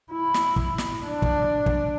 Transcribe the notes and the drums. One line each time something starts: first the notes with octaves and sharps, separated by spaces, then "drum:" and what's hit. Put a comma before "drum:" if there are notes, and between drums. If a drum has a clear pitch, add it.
E4
drum: snare
drum: kick
drum: snare
D4
drum: kick
drum: kick